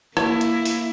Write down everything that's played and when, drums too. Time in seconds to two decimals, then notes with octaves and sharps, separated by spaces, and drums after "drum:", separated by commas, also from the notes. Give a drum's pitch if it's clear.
0.17 A#3 E4, drum: rim click
0.41 drum: hi-hat
0.66 drum: open hi-hat